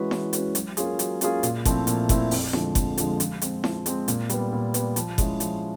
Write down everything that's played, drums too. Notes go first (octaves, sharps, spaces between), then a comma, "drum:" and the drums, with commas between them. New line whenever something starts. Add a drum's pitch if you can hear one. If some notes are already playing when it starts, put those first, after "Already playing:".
Already playing: E3 G#3 C#4 F#4 B4
E3, drum: snare E4
G#3 C#4 F#4 B4, drum: hi-hat
F#3, drum: hi-hat
A#3 C#4 F4 G#4, drum: hi-hat
F#3, drum: hi-hat
A#3 C#4 F4 G#4, drum: hi-hat
A#2, drum: hi-hat
F3 A3 C4 E4, drum: kick F#1, hi-hat
A#2, drum: hi-hat
F3 A3 C4 E4, drum: kick F#1, hi-hat
F2, drum: open hi-hat
D3 F3 G#3, drum: snare E4
F2, drum: kick F#1, hi-hat
D3 F3 G#3, drum: hi-hat
F3, drum: hi-hat
G#3 C4, drum: hi-hat
F3, drum: snare E4
G#3 C4, drum: hi-hat
A#2, drum: hi-hat
G3 B3, drum: hi-hat
A#2
G3 B3, drum: hi-hat
F3, drum: hi-hat
G#3 C#4 E4, drum: kick F#1, hi-hat
F3, drum: hi-hat